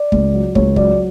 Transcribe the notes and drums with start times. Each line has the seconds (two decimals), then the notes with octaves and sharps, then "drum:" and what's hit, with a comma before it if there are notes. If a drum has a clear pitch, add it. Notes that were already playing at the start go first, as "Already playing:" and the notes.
Already playing: D5
0.12 C#2, drum: kick
0.33 F#3
0.55 C#2 C#5, drum: kick
0.76 F#3 D5, drum: kick